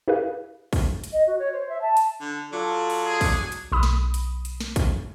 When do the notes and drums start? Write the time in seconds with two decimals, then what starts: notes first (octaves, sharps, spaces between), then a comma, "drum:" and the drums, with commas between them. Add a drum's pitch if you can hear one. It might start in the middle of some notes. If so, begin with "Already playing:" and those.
0.08 E4 G4 G#4 A#4 B4 F5
0.73 drum: kick, open hi-hat
1.04 drum: hi-hat
1.13 D#5
1.27 F#4
1.39 C#5
1.52 C5
1.69 E5
1.81 A5
1.97 drum: hi-hat
2.21 D3
2.53 F#3 F4 A4 D5
2.90 drum: open hi-hat
3.05 G#4
3.21 drum: kick, open hi-hat
3.52 drum: hi-hat
3.72 B1 B5 D#6
3.83 drum: snare
4.14 drum: hi-hat
4.45 drum: hi-hat
4.60 drum: snare
4.76 drum: kick, hi-hat